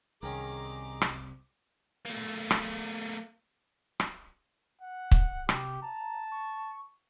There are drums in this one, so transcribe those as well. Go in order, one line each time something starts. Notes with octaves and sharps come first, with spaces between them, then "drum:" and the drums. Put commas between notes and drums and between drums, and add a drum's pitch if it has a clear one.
C2 D#3 C#4 G#4 A#5 D6
drum: rim click
A3 A#3
drum: rim click
drum: rim click
F#5
drum: kick
C3 G4, drum: rim click
A5 A#5
C#6